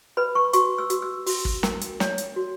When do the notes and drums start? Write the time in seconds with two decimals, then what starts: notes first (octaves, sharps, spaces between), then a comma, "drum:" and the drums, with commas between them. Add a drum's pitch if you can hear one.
0.17 B4 B5
0.35 C#6
0.53 F#4 C#6, drum: hi-hat
0.78 E6
0.90 F#4, drum: hi-hat
1.02 E6
1.26 F#4, drum: open hi-hat
1.45 drum: kick
1.63 A#4, drum: snare
1.81 drum: hi-hat
2.00 C#5, drum: snare
2.18 drum: hi-hat
2.36 F#4